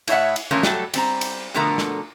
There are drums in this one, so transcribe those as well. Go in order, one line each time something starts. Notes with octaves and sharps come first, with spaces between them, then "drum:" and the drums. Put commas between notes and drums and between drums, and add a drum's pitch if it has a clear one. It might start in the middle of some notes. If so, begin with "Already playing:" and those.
A2 E4 C#5 D#5 E5 F#5, drum: cymbal
drum: cymbal
A#2 E3 F3 A3 A#3 C#4
F#3 G3 A3 A4, drum: snare
G3 C4 A#5, drum: cymbal
drum: cymbal
B2 D3 F3 A3 A#4 A#5
drum: snare